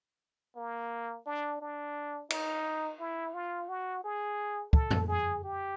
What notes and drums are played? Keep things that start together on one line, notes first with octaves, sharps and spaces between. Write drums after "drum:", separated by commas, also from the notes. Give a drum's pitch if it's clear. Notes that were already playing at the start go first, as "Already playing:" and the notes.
A#3
D4
D4
D#4, drum: cymbal
E4
F4
F#4
G#4
A4, drum: kick
drum: tom F2
G#4
G4